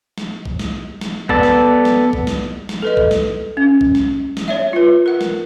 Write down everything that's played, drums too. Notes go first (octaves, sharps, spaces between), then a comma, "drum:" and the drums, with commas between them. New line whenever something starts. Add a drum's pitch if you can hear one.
drum: snare
drum: kick
drum: snare
drum: snare
B3 A4 D5, drum: kick
drum: snare
drum: snare
drum: kick
drum: snare
drum: snare
A4 B4 D#5
drum: kick
drum: snare
C#4
drum: kick
drum: snare
drum: snare
C#5 D5 E5
F4 B4
A#4 F#5
drum: snare